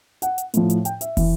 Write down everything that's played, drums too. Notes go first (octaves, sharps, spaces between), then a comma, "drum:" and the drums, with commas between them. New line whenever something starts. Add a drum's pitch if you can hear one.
F#5, drum: hi-hat
drum: hi-hat
A2 F3, drum: hi-hat
drum: hi-hat
G5, drum: hi-hat
E5, drum: hi-hat
E3, drum: kick, open hi-hat